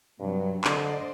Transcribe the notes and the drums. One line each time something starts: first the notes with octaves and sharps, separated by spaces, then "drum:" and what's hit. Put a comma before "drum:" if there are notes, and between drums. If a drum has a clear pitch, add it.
G2 C3 F#3
D3 C5 D5 D#5, drum: clap